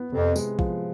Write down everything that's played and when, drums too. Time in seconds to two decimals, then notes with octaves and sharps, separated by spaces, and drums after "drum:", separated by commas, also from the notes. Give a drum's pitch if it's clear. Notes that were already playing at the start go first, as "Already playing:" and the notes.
Already playing: B3
0.12 F2 C3
0.36 G#3, drum: tambourine
0.59 F3, drum: kick A#1